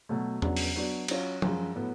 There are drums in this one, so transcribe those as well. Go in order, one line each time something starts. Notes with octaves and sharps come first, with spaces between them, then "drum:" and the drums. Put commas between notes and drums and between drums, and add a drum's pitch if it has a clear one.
B2 F#3 A3
C#3 F#3 B3 D4, drum: tom E2
drum: open hi-hat
F#3 B3 D4 F#4
F#3 C#4 F4, drum: cymbal
F#2 F3 G#3, drum: tom F#3
A2 F#3 B3